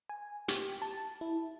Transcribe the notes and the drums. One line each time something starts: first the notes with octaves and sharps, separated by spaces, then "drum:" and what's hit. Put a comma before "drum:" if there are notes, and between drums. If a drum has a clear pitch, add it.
G#5
G4, drum: hi-hat
A5
E4